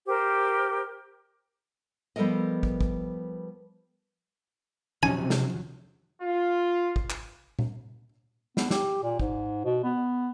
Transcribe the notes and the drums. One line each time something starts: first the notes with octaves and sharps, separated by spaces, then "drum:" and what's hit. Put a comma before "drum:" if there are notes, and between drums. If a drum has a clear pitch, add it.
G4 A#4 C5
F3 G3 B3 A4 A#4 D#5
drum: kick
drum: kick
C3 F3 F#3 C#4 D#4 G#5
drum: snare
F4
drum: kick
drum: clap
drum: tom A#2
B3, drum: snare
G4, drum: snare
A#2
G#2, drum: kick
B2
B3